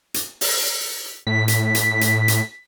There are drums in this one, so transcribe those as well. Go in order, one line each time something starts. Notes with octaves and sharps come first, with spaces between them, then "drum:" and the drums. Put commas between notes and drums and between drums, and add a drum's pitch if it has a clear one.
drum: hi-hat
drum: open hi-hat
A2 B6
drum: hi-hat
B6, drum: hi-hat
drum: hi-hat
drum: hi-hat